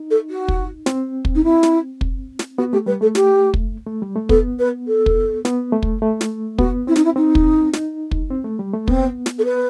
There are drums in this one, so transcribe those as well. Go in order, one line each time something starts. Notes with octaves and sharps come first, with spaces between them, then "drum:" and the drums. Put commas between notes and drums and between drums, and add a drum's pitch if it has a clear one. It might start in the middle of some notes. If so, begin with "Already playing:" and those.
Already playing: D#4
A4
F#4
drum: kick
C4, drum: snare
drum: kick
D#4
E4
drum: snare
drum: kick
drum: snare
B3 F#4
A3 G4
G3 B4
A3 A4
G4, drum: snare
drum: kick
A3
G3
A3
B3 A4, drum: kick
B4
A4
drum: kick
B3, drum: snare
A3
drum: kick
A3
drum: snare
B3 F#4, drum: kick
C4 E4
D#4, drum: snare
E4
C4 D#4
drum: kick
D#4, drum: snare
drum: kick
C4
A3
G3
A3
B3 C4, drum: kick
drum: snare
A4
B4